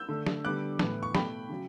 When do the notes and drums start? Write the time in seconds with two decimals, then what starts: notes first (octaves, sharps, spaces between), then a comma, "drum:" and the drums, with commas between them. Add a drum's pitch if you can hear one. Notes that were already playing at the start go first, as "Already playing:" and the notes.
Already playing: E6 G6
0.09 D3 A3
0.26 drum: snare
0.44 D3 G3 B3 D6 F#6
0.79 A2 E3 B3, drum: snare
1.03 C#6
1.15 B2 A3 G5 B5, drum: snare
1.49 C#3 F#3